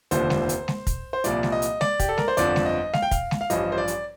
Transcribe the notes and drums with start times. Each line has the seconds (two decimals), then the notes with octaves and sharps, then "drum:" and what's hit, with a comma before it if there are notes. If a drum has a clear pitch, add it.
0.11 F1 D#2 D3 F3 C5, drum: hi-hat
0.30 drum: snare G#3
0.49 drum: hi-hat
0.68 drum: snare G#3
0.87 drum: kick, hi-hat
1.13 C5
1.24 C2 A#2 F3 D5, drum: hi-hat
1.43 drum: snare G#3
1.52 D#5
1.62 drum: hi-hat
1.81 D5, drum: snare G#3
2.00 G4, drum: kick, hi-hat
2.09 A4
2.18 A#4, drum: snare G#3
2.28 C5
2.37 G1 F2 D3 F3 D5, drum: hi-hat
2.56 drum: snare G#3
2.66 D#5
2.93 F5, drum: snare G#3
3.02 G5
3.11 F5, drum: kick, hi-hat
3.31 drum: snare G#3
3.41 F5
3.50 A1 G2 F3 D#5, drum: hi-hat
3.72 C5
3.78 D5
3.88 drum: hi-hat